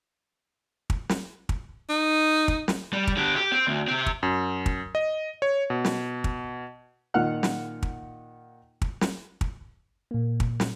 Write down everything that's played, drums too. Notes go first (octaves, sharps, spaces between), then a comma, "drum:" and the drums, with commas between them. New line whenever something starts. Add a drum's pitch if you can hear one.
drum: kick
drum: snare
drum: kick
D#4
drum: kick
drum: snare
G3
drum: kick
D3 G4
G4
C4
D2
C3 C4
drum: kick
F#2
drum: kick
D#5
C#5
B2
drum: snare
drum: kick
A#2 D#3 F4 F#5 F6 F#6
drum: snare
drum: kick
drum: kick
drum: snare
drum: kick
A#2 A#3
drum: kick
drum: snare